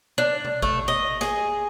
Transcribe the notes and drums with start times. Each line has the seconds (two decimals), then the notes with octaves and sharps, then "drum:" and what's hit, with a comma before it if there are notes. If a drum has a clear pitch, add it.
0.18 D4
0.45 drum: tom B2
0.62 A3, drum: kick G#1
0.88 D#5
1.21 G#4, drum: snare